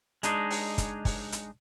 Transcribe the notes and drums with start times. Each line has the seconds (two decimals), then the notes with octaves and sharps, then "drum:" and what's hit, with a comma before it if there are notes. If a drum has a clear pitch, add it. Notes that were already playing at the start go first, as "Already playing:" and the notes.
0.23 G#3 D4 D#4 G#4, drum: hi-hat
0.51 drum: open hi-hat
0.78 drum: kick, hi-hat
1.05 drum: kick, open hi-hat
1.32 drum: hi-hat